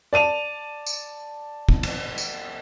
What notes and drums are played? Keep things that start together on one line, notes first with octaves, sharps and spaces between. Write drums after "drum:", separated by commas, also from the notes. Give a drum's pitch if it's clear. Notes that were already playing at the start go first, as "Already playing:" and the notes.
D5 A5 D#7 F7
drum: tambourine
drum: kick
drum: cymbal
drum: tambourine